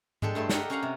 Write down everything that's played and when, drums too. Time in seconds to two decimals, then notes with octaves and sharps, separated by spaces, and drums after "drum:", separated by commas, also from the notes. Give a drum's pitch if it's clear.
0.22 G#3 D4 G4 A4, drum: tom G#2
0.35 G2 A3 E4 C6
0.49 G4 A4 A#4 D#5 F#5 G5, drum: snare
0.70 C#4 G4 A#4 F5 F#5 A#5
0.83 C3